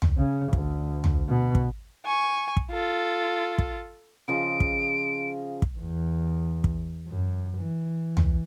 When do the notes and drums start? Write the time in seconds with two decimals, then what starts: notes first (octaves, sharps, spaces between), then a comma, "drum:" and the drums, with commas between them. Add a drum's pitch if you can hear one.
0.02 drum: tom
0.17 C#3
0.53 D2, drum: kick
1.04 drum: tom
1.29 B2
1.55 drum: kick
2.06 G#5 C#6
2.57 drum: kick
2.71 F4 A4
3.58 drum: kick
4.28 C#3 F3 D#5 D7
4.60 drum: kick
5.62 drum: kick
5.79 E2
6.64 drum: kick
7.08 F#2
7.59 E3
8.17 drum: tom